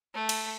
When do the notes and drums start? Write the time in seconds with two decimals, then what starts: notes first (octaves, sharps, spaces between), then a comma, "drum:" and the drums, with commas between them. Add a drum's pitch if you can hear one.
0.14 A3
0.29 drum: cymbal